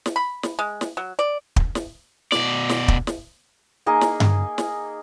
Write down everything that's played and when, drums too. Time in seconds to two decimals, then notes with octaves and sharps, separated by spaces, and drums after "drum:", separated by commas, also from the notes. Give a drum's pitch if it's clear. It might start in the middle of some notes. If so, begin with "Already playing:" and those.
0.06 drum: snare
0.16 B5
0.43 drum: snare
0.59 G#3
0.81 drum: snare
0.97 F#3
1.19 D5
1.56 drum: kick
1.75 drum: snare
2.32 B2 D5, drum: snare
2.69 drum: snare
2.88 drum: kick
3.07 drum: snare
3.86 A#3 D#4 G#4 D#5
4.01 drum: snare
4.20 drum: tom G2
4.58 drum: snare